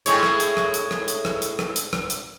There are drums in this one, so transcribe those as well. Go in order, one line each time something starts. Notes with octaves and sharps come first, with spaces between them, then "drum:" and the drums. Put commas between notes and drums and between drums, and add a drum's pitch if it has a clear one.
A2 G#3 C#5, drum: hi-hat
drum: rim click
drum: hi-hat
drum: rim click
drum: hi-hat
drum: rim click
drum: hi-hat
drum: rim click
drum: hi-hat
drum: rim click
drum: hi-hat
drum: rim click
drum: hi-hat